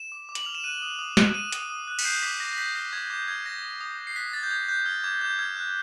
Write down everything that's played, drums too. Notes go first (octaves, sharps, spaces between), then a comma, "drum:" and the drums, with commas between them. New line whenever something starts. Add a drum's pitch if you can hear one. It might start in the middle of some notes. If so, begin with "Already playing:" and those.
Already playing: E7
D6
D6
F#7, drum: hi-hat
F6 F7
E7
F#6 D#7
D#6
D#6
F#6, drum: snare
F#6 D#7
D#6, drum: hi-hat
D#6
F#6
B6, drum: cymbal
G6 C7
D6 B6
D6 A#6
A#6
G6 B6
F6 A#6
D6 G#6
D6 G6
F6 G#6
G6 A#6
D#6
D#6
G6
C7
F#6 B6
D#6 A6
G6
D#6 G#6
F#6 G6
F6 G#6
D6 G#6
D6 G6
F6 G#6
F#6